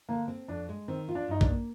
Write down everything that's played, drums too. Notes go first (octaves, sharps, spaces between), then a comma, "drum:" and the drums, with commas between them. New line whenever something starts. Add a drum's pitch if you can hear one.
D3 A#3
C4
F2 D4
G#3
D#3 C4
F4
D4
G2 D#4
D4, drum: kick A1
A#3